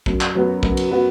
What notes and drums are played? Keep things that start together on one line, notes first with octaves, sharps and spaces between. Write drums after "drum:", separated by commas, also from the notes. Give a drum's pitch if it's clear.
F#2, drum: kick A#1
drum: clap
F#3 B3 F#4
F#2, drum: kick A#1
drum: cymbal
F#3 B3 F#4